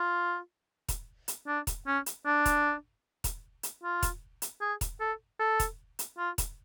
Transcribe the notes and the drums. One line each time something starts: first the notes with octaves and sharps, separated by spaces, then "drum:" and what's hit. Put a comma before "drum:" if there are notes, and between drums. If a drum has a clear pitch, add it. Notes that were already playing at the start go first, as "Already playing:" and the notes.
Already playing: F4
drum: kick E1, hi-hat
drum: hi-hat
D4
drum: kick E1, hi-hat
C#4
drum: hi-hat
D4
drum: kick E1, hi-hat
drum: kick E1, hi-hat
drum: hi-hat
F4
drum: kick E1, hi-hat
drum: hi-hat
G#4
drum: kick E1, hi-hat
A4
A4
drum: kick E1, hi-hat
drum: hi-hat
F4
drum: kick E1, hi-hat